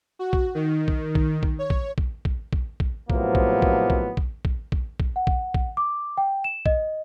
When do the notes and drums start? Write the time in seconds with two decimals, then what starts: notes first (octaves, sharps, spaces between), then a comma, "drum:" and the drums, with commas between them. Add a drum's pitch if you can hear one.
0.19 F#4
0.33 drum: kick
0.55 D#3
0.88 drum: kick
1.15 drum: kick
1.43 drum: kick
1.59 C#5
1.70 drum: kick
1.98 drum: kick
2.25 drum: kick
2.53 drum: kick
2.80 drum: kick
3.10 A2 C3 F3 F#3 A#3 B3, drum: kick
3.35 drum: kick
3.62 drum: kick
3.90 drum: kick
4.17 drum: kick
4.45 drum: kick
4.72 drum: kick
5.00 drum: kick
5.16 F#5
5.27 drum: kick
5.54 drum: kick
5.77 D6
6.18 G5
6.44 E7
6.66 D#5, drum: kick